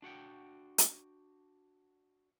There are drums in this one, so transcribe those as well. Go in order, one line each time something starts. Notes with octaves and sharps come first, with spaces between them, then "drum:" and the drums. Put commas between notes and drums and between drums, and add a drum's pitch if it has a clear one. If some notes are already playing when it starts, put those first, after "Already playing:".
D4 F#4 F#5 G5
drum: hi-hat